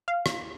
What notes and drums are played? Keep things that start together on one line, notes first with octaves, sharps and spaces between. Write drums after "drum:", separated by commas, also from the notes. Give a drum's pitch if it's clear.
F5
drum: rim click